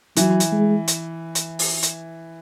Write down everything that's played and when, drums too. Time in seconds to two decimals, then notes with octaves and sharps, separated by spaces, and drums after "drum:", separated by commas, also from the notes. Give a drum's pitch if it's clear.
0.17 E3 F#3, drum: hi-hat
0.40 drum: hi-hat
0.52 G#3
0.88 drum: hi-hat
1.35 drum: hi-hat
1.59 drum: open hi-hat
1.83 drum: hi-hat